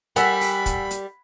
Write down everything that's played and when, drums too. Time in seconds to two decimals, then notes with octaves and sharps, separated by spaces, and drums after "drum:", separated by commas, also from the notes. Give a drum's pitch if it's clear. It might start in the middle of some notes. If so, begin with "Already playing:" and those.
0.16 G3 A#4 F#5 G#5 B5 E6 B6, drum: hi-hat
0.41 drum: open hi-hat
0.66 drum: kick, hi-hat
0.91 drum: hi-hat